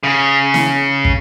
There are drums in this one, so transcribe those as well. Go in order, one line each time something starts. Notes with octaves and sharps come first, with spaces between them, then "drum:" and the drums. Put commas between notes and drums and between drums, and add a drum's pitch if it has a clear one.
C#3
drum: snare
drum: kick